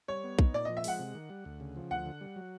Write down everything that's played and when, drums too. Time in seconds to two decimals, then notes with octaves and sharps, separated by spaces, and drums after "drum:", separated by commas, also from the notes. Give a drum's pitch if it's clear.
0.08 G3 C#5
0.24 B3
0.39 D#4, drum: kick A#1
0.54 A#2 D5
0.65 F3 D#5
0.77 E5
0.84 G#3 F#5, drum: open hi-hat
0.99 C3
1.15 D#3
1.30 G3
1.45 D2
1.60 C#3
1.76 F3
1.90 D2 F#5
2.06 D3
2.21 G3
2.36 F#3